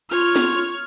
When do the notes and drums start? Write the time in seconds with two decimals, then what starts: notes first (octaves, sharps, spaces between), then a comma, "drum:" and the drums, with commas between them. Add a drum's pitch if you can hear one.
0.10 F4 C#5 F6
0.36 drum: snare